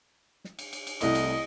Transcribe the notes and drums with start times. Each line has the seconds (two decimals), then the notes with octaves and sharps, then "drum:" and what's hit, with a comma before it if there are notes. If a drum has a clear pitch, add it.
0.44 drum: snare
0.59 drum: cymbal
0.73 drum: cymbal
0.87 drum: cymbal
1.01 C2 A3 E4 D#5, drum: cymbal
1.15 drum: cymbal